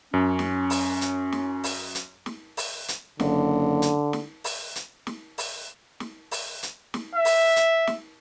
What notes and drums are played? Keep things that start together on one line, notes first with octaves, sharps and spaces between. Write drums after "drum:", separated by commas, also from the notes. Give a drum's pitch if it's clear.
F#2 C#4
drum: snare
drum: open hi-hat
drum: hi-hat
drum: snare
drum: open hi-hat
drum: hi-hat
drum: snare
drum: open hi-hat
drum: hi-hat
F#1 D3, drum: snare
drum: hi-hat
drum: snare
drum: open hi-hat
drum: hi-hat
drum: snare
drum: open hi-hat
drum: snare
drum: open hi-hat
drum: hi-hat
drum: snare
E5
drum: open hi-hat
drum: hi-hat
drum: snare